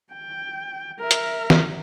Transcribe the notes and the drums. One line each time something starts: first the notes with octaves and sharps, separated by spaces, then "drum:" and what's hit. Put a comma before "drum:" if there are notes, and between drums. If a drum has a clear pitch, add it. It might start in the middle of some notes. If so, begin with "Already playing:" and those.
G5
A#4 E5
drum: hi-hat
drum: snare